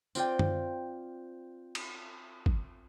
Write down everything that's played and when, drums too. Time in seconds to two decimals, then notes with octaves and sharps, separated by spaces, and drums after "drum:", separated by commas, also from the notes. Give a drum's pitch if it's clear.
0.15 C4 F4 D5 G5, drum: tambourine
0.39 drum: tom F#2
1.75 drum: cymbal
2.46 drum: kick G#1